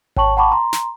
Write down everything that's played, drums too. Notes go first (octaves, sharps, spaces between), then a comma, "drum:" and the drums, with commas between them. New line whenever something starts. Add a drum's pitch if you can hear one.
C#5 G5 A5 C#6 F#7, drum: kick G#1
F#5 G5 A5 B5 C#6 D6
A#5 C6
drum: snare